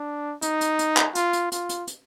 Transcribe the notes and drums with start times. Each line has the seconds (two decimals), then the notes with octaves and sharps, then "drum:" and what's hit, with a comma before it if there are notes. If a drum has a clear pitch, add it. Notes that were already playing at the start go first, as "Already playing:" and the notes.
Already playing: D4
0.42 D#4, drum: hi-hat
0.61 drum: hi-hat
0.79 drum: hi-hat
0.97 drum: clap
1.15 F4, drum: hi-hat
1.33 drum: hi-hat
1.52 F4, drum: hi-hat
1.69 drum: hi-hat
1.87 drum: hi-hat